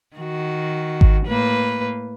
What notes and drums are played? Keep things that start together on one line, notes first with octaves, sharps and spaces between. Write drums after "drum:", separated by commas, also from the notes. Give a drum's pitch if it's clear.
D#3 F#4
drum: kick G#1
A2 A#3 B4